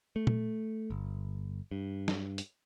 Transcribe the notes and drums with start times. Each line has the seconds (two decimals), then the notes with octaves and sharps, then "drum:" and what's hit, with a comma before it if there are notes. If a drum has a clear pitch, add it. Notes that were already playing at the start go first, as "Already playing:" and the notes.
0.16 A3
0.27 drum: tom
0.90 G1
1.71 G2
2.08 drum: snare
2.38 drum: hi-hat